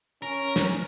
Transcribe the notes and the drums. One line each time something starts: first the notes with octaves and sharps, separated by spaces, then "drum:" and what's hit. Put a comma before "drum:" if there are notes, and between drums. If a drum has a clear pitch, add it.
C#4 A#4
drum: snare